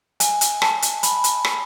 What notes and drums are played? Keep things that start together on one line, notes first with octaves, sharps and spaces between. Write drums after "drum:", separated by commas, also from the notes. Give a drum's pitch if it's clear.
G#5, drum: hi-hat
drum: hi-hat
A5, drum: rim click
drum: hi-hat
B5, drum: hi-hat
drum: hi-hat
drum: rim click